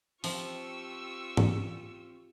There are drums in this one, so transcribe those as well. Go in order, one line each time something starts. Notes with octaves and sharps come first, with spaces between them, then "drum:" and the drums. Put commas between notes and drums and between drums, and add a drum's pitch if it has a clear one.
F3 C4 F4 G4 C#6 E6, drum: open hi-hat
drum: tom